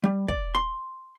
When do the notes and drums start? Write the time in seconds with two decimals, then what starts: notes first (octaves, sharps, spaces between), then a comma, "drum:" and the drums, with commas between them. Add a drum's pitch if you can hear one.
0.04 G3
0.28 D5, drum: kick
0.55 C6